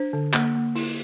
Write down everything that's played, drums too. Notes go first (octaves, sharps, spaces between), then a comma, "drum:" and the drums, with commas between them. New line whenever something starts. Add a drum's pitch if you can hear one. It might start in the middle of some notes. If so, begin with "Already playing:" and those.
Already playing: D4 C5
D3
A#3, drum: clap
A#3
E4, drum: open hi-hat